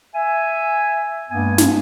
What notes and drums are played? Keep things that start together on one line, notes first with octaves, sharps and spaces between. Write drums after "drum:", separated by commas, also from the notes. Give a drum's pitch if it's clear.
E5 G#5
G2 G#3 A#3 B3 G#5
drum: snare